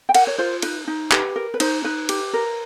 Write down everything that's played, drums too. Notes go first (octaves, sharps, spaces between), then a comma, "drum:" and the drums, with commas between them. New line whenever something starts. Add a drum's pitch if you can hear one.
G5
A#4 F#5, drum: cymbal
C#5
F4 C5
D#4 B4, drum: cymbal
D#4
G4 B4, drum: clap
A#4
B4
D#4 C5, drum: cymbal
D#4 B4
G4, drum: cymbal
A#4